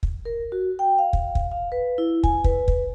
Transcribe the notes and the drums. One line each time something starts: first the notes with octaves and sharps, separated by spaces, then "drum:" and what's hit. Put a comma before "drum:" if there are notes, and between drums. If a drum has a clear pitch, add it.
drum: kick
A#4
F#4
G5
F5
drum: kick
drum: kick
F5
B4
E4
G#5, drum: kick
B4, drum: kick
drum: kick